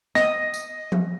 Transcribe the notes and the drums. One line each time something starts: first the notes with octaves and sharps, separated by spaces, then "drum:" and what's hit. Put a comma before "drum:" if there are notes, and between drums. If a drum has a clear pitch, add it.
D#5 A#6, drum: snare
drum: tambourine
drum: tom F3